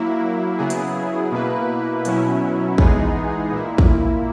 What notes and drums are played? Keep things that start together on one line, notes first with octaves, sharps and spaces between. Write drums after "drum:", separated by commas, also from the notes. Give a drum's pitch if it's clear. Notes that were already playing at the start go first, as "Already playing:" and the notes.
Already playing: F#3 A#3 E4
C#3 F#3 B3 E4 G#4
drum: hi-hat
B2 A#3 E4 B4
B2 F#3 C#4 E4, drum: hi-hat
E3 G#3 B3 D#4 G#4, drum: kick
A#2 A#3 E4
drum: kick